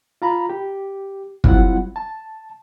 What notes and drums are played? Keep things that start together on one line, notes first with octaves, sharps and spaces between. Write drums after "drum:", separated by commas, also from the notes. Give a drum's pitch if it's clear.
F4 A#5 B5
G4
F#3 G3 C4 E4 F4 F#5, drum: kick
A5